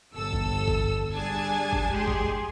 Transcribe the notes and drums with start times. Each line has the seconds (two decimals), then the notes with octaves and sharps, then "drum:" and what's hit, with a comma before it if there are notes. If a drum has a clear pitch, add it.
0.13 G1 A4 E6
0.33 drum: kick G1
0.68 drum: kick G1
1.14 G3 D4 G#4 G#5 A5 G#6
1.73 drum: kick G1
1.90 G#3 G4 G#4 C6
2.08 drum: kick G1